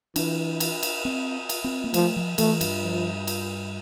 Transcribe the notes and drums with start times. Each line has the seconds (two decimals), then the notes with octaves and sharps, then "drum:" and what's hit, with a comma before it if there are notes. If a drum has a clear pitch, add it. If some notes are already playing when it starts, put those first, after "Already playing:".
0.16 E3 D4, drum: cymbal
0.60 drum: cymbal
0.83 drum: cymbal
1.05 C4
1.49 drum: cymbal
1.64 C4
1.84 A#3
1.94 F3 A3, drum: cymbal
2.16 F3
2.38 E3 A3, drum: cymbal
2.61 G2, drum: cymbal
2.83 F3
3.27 drum: cymbal